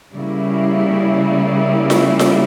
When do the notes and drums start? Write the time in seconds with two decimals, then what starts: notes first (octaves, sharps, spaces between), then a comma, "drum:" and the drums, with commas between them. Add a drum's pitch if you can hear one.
0.13 C#3 G3 A#3 E4
1.90 drum: snare F4
2.19 drum: snare F4